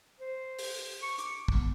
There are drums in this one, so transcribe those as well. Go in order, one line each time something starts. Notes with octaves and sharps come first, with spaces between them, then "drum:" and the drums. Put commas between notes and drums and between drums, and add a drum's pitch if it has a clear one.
C5
drum: open hi-hat
C#6
D6, drum: hi-hat
B3, drum: kick